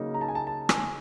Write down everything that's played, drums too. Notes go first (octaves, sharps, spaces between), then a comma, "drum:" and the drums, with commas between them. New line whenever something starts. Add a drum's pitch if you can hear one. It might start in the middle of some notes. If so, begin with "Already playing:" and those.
Already playing: C#3 F#3 A#3 D#4
A#5
A5
G#5
A5
A5
G#5, drum: rim click